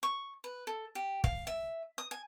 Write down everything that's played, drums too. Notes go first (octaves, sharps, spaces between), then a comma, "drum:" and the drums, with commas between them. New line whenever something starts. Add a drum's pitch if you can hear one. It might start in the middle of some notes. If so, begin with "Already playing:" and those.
C#6
B4
A4
G4
F5, drum: kick
E5
D#6
G#5